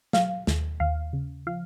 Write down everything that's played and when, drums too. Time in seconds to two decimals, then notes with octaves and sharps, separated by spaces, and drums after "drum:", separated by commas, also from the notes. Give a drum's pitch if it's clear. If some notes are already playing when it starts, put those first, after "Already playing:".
0.13 F#3 F5, drum: snare
0.47 D#2, drum: snare
0.80 D#2 F5
1.13 C#3
1.47 F3 F5